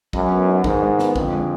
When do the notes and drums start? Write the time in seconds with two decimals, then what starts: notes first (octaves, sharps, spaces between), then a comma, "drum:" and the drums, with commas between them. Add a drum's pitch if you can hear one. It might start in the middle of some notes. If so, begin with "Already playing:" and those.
0.13 F#2 G#3, drum: kick
0.31 B3
0.48 D#4
0.64 G#2 D#3, drum: kick
0.82 G#3
0.99 B3, drum: snare
1.16 F2 D3, drum: kick
1.33 G#3